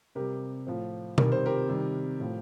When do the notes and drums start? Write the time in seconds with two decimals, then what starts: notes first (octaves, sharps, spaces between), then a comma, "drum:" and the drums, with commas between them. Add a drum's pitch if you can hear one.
0.15 C3 G3 G4 A#4
0.67 A2 F3
1.18 C3 D#3 G3 A#4, drum: tom B2
1.32 C5
1.46 G4 A#4
1.68 C3 D#3 G3
2.20 A2 F3